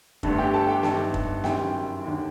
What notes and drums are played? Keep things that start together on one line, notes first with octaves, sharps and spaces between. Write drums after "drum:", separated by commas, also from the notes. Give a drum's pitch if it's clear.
G1 G2 D3 A3 A4, drum: kick
G4 G5
A4 A5
G4 G5
G1 G2 D#3 A4 A5, drum: snare
drum: kick
F#1 F#2 D#3 G4 G5, drum: snare
D#2 D3